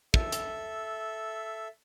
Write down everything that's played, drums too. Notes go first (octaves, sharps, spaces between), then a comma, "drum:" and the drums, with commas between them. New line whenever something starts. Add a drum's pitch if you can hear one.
A4 E5, drum: kick
drum: hi-hat